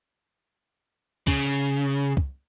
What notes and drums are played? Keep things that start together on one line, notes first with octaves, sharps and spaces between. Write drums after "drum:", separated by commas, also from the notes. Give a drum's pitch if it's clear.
C#3, drum: kick
drum: kick